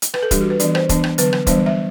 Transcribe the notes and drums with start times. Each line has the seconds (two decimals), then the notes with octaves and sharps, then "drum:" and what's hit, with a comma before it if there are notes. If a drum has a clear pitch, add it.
0.02 drum: hi-hat
0.14 B4, drum: rim click
0.23 A4
0.31 E3 G3 D4 G4, drum: kick D#1, hi-hat
0.41 F#4
0.50 B4
0.60 E3 B3 D4 D5, drum: hi-hat
0.75 C5, drum: rim click
0.89 E3 B3 D4, drum: kick D#1, hi-hat
1.04 drum: rim click
1.18 D3 F#3 B3 B4, drum: hi-hat
1.33 drum: rim click
1.47 E3 G3 B3 D4 C5, drum: kick D#1, hi-hat
1.66 E5